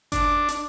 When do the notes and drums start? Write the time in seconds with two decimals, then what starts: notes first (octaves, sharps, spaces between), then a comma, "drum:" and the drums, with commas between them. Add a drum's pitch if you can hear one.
0.12 D4, drum: kick G1, hi-hat
0.49 drum: hi-hat